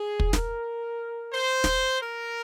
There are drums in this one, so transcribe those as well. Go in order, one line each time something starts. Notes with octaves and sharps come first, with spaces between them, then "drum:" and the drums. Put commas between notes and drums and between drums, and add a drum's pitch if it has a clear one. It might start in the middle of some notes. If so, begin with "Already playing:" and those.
Already playing: G#4
drum: kick
A#4, drum: snare
C5
drum: snare
A#4